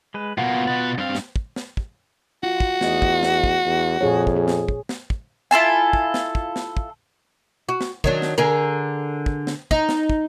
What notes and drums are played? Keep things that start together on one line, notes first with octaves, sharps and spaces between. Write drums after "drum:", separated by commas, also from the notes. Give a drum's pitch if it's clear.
G#3 B4
B2 A#3 B3 F4 F#5
B2 B4 A6
G2 C4 F5
drum: snare
drum: kick
drum: snare
drum: kick
F4 F#4
drum: kick
E2 A3 D#5, drum: snare
drum: kick
drum: snare
drum: kick
E2
F2 A#2 G#4 C#5
drum: kick
G#4
drum: snare
drum: kick
drum: snare
drum: kick
E4 F4 A4 G#5
drum: kick
drum: snare
drum: kick
drum: snare
drum: kick
F#4
drum: snare
D#3 F#3 D4, drum: kick
drum: snare
D3 G#4 A#4
drum: kick
drum: snare
D#4, drum: kick
drum: snare
drum: kick